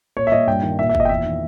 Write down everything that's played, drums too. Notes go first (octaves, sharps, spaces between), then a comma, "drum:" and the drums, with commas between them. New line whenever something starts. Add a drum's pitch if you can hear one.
A#2 C#5
E5
A#2 D#5
G2 G5
D#3
A#2 E5
E5
A#2, drum: kick
D#5
G5
E2 E5
D#3